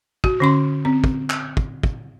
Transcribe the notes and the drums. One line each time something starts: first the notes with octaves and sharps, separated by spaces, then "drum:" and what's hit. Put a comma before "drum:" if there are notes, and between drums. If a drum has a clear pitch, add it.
F#4, drum: kick
D3 C#4 C6
C4
drum: kick
drum: clap
drum: kick
drum: kick